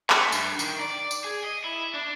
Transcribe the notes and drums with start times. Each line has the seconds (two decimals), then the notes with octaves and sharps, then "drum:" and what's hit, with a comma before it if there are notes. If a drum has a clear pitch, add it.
0.10 A3, drum: clap
0.32 G2, drum: tambourine
0.59 D#3, drum: tambourine
0.80 D5
1.11 drum: tambourine
1.24 G#4
1.44 D#5
1.64 E4
1.94 D4